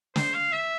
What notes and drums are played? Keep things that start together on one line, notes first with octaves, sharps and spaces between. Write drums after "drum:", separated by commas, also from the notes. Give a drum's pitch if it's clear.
C5, drum: snare
F5
E5